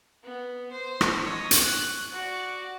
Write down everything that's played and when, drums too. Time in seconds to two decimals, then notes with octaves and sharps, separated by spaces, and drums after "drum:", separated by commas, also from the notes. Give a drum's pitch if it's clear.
0.23 B3
0.71 C5
1.01 drum: rim click
1.24 C#5 D#5
1.51 drum: hi-hat
1.62 F#6
2.12 F#4 D5